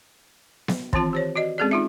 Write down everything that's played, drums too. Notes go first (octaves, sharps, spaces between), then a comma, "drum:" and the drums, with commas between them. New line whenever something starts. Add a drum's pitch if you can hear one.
drum: snare B3
D#3 E3 C4 F4 A5, drum: kick
G4 C5 C#5
F#4 D5 D#5
G#3 C4 C#4 G#4 A4 D5
D#4 F4 E5